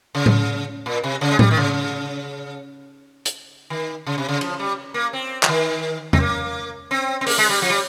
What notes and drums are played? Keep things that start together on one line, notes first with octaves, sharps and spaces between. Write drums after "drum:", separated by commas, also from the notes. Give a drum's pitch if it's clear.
C#3
drum: tom A2
A#2
C3
C#3
G#3
G3, drum: tom A2
D#3
C#3
drum: hi-hat
D#3
C#3
C3
C#3
F3, drum: cymbal
G3
A#3
C4
F3, drum: clap
D#3
C4, drum: tom E2
A#3
C4
C4
A#3, drum: open hi-hat
G#3
G3
F3
G3